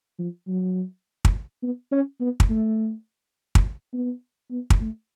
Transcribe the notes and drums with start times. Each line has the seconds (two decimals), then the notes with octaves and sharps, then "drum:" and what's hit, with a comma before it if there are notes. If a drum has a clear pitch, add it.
0.19 F3
0.47 F#3
1.25 drum: kick
1.62 B3
1.92 C#4
2.20 B3
2.40 drum: kick
2.49 A3
3.55 drum: kick
3.93 B3
4.51 B3
4.70 drum: kick
4.81 A3